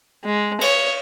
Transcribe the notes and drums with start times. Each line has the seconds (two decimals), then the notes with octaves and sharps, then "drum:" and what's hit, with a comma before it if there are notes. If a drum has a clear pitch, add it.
0.24 G#3
0.61 C#5, drum: cymbal